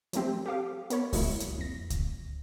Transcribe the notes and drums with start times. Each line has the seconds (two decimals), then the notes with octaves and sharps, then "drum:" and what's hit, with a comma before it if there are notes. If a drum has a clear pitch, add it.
0.13 F3 F#3 A3 C4 G4, drum: hi-hat
0.46 G4 A4 F5 D6
0.90 B3 A#4 C#5 B5, drum: hi-hat
1.13 F#3 G#3 A#3 E4, drum: kick C#2, open hi-hat
1.40 drum: hi-hat
1.58 F2 A#6
1.90 drum: kick C#2, hi-hat